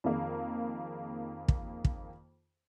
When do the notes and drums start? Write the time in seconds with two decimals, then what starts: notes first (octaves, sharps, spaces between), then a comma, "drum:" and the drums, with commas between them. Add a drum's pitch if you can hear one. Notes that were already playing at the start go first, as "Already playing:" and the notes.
0.04 F2 D#3 A#3 G#4
1.48 drum: kick
1.85 drum: kick